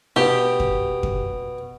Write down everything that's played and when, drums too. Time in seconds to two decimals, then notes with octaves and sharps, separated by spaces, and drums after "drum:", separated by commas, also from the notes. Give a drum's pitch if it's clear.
0.16 B2 G4
0.60 drum: kick F2
1.03 drum: kick F2